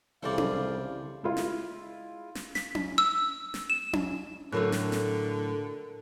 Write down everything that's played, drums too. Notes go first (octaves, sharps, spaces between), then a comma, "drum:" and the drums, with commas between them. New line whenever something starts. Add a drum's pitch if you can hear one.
C2 A2 C#3 E3 A4 C5 D5 F5
drum: tom C#4
G#3 E4 F4
drum: snare
drum: snare
B6, drum: snare
drum: tom C#4
E6
drum: snare
E7
drum: tom C#4
A2 D3 F#3 A3 A#4 F#6
drum: snare
drum: snare